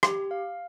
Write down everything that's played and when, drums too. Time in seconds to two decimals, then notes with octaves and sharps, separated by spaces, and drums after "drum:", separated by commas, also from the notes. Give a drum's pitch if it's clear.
0.03 G4, drum: rim click
0.31 F5